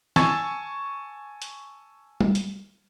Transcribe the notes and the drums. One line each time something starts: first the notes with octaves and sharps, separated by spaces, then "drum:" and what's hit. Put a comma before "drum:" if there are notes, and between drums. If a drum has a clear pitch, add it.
G#5 A5 C#6 E6 G#6 A6, drum: snare
drum: hi-hat
drum: tom G3
drum: hi-hat